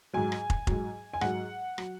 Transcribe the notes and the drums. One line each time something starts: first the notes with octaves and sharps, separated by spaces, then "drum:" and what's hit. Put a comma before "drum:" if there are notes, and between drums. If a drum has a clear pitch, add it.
G#2 F#3 G#5
drum: rim click
drum: kick
G#2 F#3, drum: kick
G#5
G#2 F#3 F#5, drum: rim click
F#3, drum: rim click